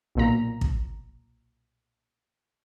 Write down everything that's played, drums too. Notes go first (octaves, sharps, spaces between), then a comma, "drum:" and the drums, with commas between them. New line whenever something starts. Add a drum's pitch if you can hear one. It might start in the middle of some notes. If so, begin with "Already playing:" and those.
B1 A#2 A#5
drum: kick